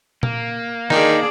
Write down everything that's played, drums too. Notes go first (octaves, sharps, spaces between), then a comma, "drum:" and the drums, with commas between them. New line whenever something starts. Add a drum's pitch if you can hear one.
A#3, drum: tom A#2
D#3 D4 D#4 G#4 D5, drum: snare